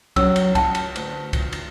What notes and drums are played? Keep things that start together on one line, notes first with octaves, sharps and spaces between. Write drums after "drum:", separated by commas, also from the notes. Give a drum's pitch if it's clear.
F#3 C#4 E6, drum: kick C2, cymbal
drum: cymbal
F#5 A5, drum: kick C2, cymbal
drum: cymbal
D2, drum: cymbal
drum: kick C2, cymbal
drum: cymbal